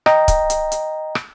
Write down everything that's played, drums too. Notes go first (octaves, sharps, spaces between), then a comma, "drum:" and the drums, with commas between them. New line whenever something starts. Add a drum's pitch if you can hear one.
D#5 G5 A#5, drum: rim click
drum: kick C#1, hi-hat
drum: hi-hat
drum: hi-hat
drum: rim click